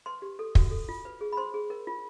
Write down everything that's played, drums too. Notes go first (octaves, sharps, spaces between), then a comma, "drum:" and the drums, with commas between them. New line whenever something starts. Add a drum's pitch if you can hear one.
B4 C6
G4
A4
F#4, drum: kick
A4
F4
B4
G#4
B5
C5 C6
G#4
A#4
F4